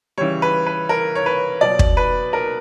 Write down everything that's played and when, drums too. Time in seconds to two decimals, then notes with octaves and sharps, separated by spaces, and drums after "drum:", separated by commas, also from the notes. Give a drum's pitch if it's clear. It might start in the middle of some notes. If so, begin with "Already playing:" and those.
0.18 C#3 E3 G3 C#5
0.42 B4
0.66 B4
0.89 A#4
1.15 C#5
1.26 B4
1.61 B2 F#3 D5
1.79 drum: kick
1.97 B4
2.33 A#4